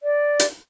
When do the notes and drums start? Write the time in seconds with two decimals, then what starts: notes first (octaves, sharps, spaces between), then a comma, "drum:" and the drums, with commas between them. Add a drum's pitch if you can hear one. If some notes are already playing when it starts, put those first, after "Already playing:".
0.03 D5
0.39 drum: hi-hat